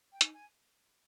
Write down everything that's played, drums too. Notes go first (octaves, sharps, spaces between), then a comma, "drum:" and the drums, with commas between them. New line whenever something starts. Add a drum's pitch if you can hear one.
G5
D#4 G#5, drum: hi-hat
G#5